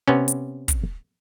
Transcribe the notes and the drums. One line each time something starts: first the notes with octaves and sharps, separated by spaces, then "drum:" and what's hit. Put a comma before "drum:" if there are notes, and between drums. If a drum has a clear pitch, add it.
C3 B3 C#4
drum: hi-hat
drum: kick, hi-hat